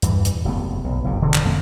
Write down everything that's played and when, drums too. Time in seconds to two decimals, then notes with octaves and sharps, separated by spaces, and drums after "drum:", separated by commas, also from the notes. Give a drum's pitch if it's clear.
0.02 E2 G2 A#2 E3, drum: hi-hat
0.25 drum: hi-hat
0.45 F#1 C3 A3 B3
0.84 B1
1.04 F#1 G2 C3
1.22 E1 D3 E3
1.34 drum: clap
1.45 F2 D#3 A3 C4